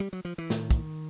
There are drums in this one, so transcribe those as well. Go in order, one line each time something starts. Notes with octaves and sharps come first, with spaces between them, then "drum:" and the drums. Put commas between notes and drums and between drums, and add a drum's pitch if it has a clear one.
G3
F#3
F3
E3
A2 D#3, drum: snare
drum: kick, hi-hat